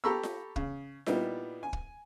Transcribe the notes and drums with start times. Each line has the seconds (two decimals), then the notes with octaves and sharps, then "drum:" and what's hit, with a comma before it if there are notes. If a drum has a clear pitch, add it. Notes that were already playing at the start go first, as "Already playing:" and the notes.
0.04 G4 A4 A#5 B5 C#6 E6
0.23 drum: snare F4
0.56 C#3, drum: kick
1.06 A#2 G3 B3 D#4 E4, drum: snare F4
1.63 G#5
1.73 drum: kick